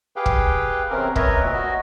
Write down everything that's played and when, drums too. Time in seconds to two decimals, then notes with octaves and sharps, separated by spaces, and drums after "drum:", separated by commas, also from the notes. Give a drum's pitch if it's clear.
0.16 G4 G#4 B4 F5 G5
0.26 drum: kick
0.90 E2 C3 C4 C#4 A#4
1.16 A#4 B4 C#5 D#5 E5, drum: kick
1.41 D2 A#2
1.53 F#4 D#5